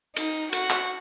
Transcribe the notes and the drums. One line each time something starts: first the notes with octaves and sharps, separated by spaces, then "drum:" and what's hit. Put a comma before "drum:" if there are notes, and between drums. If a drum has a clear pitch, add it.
D#4, drum: cymbal
F#4, drum: cymbal
drum: clap